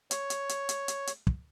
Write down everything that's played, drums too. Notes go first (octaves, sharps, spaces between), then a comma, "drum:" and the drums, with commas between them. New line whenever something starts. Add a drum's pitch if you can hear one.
C#5, drum: hi-hat
drum: hi-hat
drum: hi-hat
drum: hi-hat
drum: hi-hat
drum: hi-hat
drum: kick